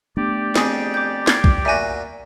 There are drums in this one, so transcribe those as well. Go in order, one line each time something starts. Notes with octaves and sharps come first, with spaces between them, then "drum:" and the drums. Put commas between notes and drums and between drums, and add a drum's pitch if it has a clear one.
A3 B3 D4 G4 D5
F2 G#4, drum: snare
D6 G6
G#6 A6 C7, drum: snare
drum: kick B1
A#2 F#4 E5 G#5